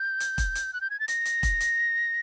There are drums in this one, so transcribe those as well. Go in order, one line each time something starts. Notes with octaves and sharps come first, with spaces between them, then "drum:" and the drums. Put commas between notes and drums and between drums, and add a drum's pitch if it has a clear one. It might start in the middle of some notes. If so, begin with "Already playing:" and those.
Already playing: G6
drum: hi-hat
drum: kick E1, hi-hat
drum: hi-hat
F#6
G6
G#6
A6
A#6, drum: hi-hat
drum: hi-hat
drum: kick E1, hi-hat
drum: hi-hat